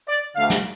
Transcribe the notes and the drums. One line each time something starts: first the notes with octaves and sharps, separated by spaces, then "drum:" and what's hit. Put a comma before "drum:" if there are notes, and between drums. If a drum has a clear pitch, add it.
D5
D2 D3 A3 F5
drum: snare